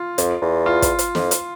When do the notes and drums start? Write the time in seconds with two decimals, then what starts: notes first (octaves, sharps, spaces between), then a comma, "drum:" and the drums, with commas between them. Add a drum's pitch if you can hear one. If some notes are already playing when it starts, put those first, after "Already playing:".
Already playing: F4
0.18 F2, drum: hi-hat
0.42 E2
0.66 F4
0.82 drum: kick, hi-hat
0.99 drum: hi-hat
1.15 F2, drum: snare
1.31 drum: hi-hat